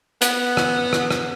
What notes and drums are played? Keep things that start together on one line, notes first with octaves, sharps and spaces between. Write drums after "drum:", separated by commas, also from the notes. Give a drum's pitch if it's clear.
B3, drum: hi-hat
drum: rim click
drum: rim click
drum: rim click